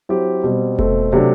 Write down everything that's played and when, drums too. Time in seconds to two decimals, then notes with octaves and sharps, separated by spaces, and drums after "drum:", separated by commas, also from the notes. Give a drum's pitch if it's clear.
0.09 F#3 C4 E4 G4
0.43 B2 G3 C4
0.79 B2 A3 C4, drum: kick F1
1.13 C3 F#3 A3 D4